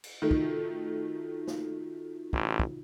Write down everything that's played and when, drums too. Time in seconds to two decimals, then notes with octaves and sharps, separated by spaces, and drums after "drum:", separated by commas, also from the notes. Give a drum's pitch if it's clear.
0.04 drum: cymbal
0.22 D#3 A3 D#4 F4 F#4
0.31 drum: kick
1.47 drum: snare
2.33 A1, drum: kick
2.59 drum: kick